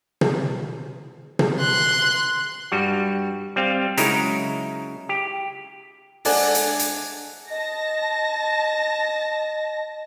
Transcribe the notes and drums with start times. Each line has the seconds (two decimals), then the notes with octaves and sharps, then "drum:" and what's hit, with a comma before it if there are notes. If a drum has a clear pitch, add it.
0.21 drum: tom
1.39 drum: tom
1.59 C6 F#6
2.72 G2 G3 F#4
3.56 G3 C4 F5
3.97 C#3 F#3 G#3 D#4 E4 A#4, drum: hi-hat
5.09 G4
6.25 G#3 D4 A4 F#5 G#5, drum: open hi-hat
6.55 drum: hi-hat
6.79 drum: hi-hat
7.50 D#5 A5 A#6